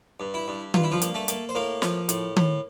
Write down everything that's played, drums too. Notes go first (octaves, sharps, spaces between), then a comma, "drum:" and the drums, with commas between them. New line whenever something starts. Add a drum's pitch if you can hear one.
G2
E4
G2
G2 F4, drum: tom D#3
E4
F3 F4
A#3, drum: hi-hat
A3 A4
A#3, drum: hi-hat
C5
A2 A#3 A#4
F3, drum: snare
A2, drum: hi-hat
A2, drum: tom D#3